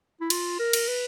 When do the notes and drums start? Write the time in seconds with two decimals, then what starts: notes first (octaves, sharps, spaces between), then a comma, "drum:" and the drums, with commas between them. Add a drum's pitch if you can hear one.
0.21 E4
0.30 F4, drum: cymbal
0.59 A#4
0.73 drum: cymbal
0.88 B4